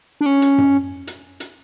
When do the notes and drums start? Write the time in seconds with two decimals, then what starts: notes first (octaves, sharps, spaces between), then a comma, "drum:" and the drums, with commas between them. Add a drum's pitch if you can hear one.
0.21 D4
0.26 C#4
0.42 drum: hi-hat
0.58 drum: tom F#2
1.07 drum: hi-hat
1.40 drum: hi-hat